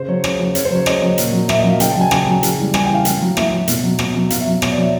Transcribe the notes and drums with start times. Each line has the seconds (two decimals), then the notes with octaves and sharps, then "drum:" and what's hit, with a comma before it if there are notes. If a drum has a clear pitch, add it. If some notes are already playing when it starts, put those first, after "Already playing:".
Already playing: C#3 C5
0.08 F#3 C#5
0.24 C#3, drum: rim click
0.40 F#3
0.55 C#3 C#5, drum: hi-hat
0.65 C5
0.71 F#3 C#5
0.86 C#3 D#5, drum: rim click
1.02 F#3
1.18 A#2, drum: hi-hat
1.33 F#3
1.49 A#2 E5, drum: rim click
1.59 D#5
1.64 F#3
1.70 F5
1.80 C#3 G5, drum: hi-hat
1.91 A5
1.96 F#3
2.01 G#5
2.11 C#3 G#5, drum: rim click
2.27 F#3
2.43 C#3, drum: hi-hat
2.58 E3 G3
2.74 C#3 G#5, drum: rim click
2.85 G5
2.90 E3 G3 F5
3.05 A2, drum: hi-hat
3.21 F#3
3.37 A2 E5, drum: rim click
3.52 F#3
3.68 B2, drum: hi-hat
3.84 F#3
3.99 B2, drum: rim click
4.15 F#3
4.30 B2 F5, drum: hi-hat
4.41 E5
4.46 F#3
4.62 B2 C#5, drum: rim click
4.72 D5
4.78 F#3 E5